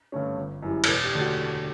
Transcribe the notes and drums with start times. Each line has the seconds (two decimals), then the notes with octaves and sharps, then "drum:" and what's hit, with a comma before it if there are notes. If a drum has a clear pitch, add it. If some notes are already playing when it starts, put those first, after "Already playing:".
0.12 G2 D3 A3 C#4
0.37 G1
0.62 F#2 E3 G3
0.84 A4, drum: cymbal
0.87 E1 B4
1.04 G4
1.13 D3 A3 D4
1.21 F#4